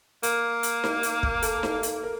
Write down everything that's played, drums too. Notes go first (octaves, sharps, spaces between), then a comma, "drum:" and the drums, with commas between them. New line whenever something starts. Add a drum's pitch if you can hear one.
A#3 A#4, drum: hi-hat
drum: hi-hat
A#4, drum: snare D#4
drum: hi-hat
drum: kick
A4, drum: hi-hat
drum: snare D#4
drum: hi-hat
A#4